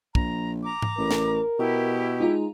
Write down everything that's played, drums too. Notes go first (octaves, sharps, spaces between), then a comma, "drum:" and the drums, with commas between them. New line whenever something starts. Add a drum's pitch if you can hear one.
A#1 A#5, drum: kick
A#5 D6
drum: tom G#2
A1 A#4
drum: snare
B2 E4 G4
G#3 D#4 F4 A#5